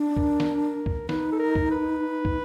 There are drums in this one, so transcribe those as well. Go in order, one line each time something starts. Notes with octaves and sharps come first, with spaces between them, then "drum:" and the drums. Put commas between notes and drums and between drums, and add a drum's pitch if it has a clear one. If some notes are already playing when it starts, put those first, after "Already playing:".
Already playing: D4
A#4, drum: kick
drum: snare
drum: kick
D#4 B4, drum: snare
A4
A#4
drum: kick
B4
drum: kick